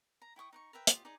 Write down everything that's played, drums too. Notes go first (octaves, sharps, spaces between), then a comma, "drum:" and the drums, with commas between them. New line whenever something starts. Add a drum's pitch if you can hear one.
A#5
E4 G5 C#6 D#6
D#4 F#5 C#6
A#4 B4 E5 G5
F4 G4 D6 D#6, drum: hi-hat
D#4 G#4 D5 G#5